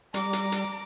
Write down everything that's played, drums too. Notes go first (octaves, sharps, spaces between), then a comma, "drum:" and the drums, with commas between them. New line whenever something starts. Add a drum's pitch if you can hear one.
G3 A#5 D6, drum: hi-hat
drum: hi-hat
drum: hi-hat